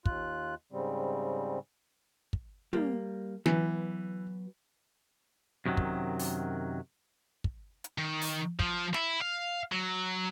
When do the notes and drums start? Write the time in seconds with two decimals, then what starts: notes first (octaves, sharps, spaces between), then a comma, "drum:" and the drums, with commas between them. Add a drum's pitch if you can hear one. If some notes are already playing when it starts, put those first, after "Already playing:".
0.06 D#2 F4 F#6, drum: kick
0.72 G#2 C#3 G3 C4
2.33 drum: kick
2.73 G3 A#3, drum: tom
3.46 E3 F#3 B3, drum: snare
5.66 F#2 C3 D#3 F3 F#3
5.77 drum: kick
6.19 drum: open hi-hat
7.44 drum: kick
7.84 drum: hi-hat
7.98 D#3
8.22 drum: open hi-hat
8.59 F3, drum: kick
8.94 E4, drum: snare
9.22 F5
9.72 F#3